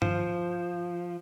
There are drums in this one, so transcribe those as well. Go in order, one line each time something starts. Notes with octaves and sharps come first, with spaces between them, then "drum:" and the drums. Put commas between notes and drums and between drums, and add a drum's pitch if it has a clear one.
F3, drum: tom G2